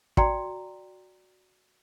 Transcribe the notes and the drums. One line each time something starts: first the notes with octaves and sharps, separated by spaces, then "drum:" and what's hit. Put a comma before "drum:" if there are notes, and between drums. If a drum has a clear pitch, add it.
F#4 D5 G5 A#5 C6, drum: kick